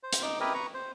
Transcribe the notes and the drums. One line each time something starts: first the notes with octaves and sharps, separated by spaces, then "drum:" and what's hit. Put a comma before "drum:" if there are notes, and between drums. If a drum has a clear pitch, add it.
C5
drum: hi-hat
D#4 D6
E4 G4 A#4 B4 D#5
B4 A#5 C#6
C5